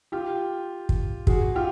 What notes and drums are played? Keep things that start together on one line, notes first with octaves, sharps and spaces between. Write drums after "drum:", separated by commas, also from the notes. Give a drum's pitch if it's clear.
F4 G4
drum: kick
F#4 G#4, drum: kick
F4 G4